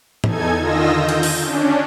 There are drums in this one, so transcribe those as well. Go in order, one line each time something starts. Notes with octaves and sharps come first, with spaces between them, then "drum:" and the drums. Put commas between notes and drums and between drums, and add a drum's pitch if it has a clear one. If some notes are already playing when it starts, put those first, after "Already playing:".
E2 D#4 A4 G#5 G#6, drum: tom
D3 D#3 F4 D#5 E6 A#6
G6
drum: cymbal
drum: open hi-hat
C#4 D4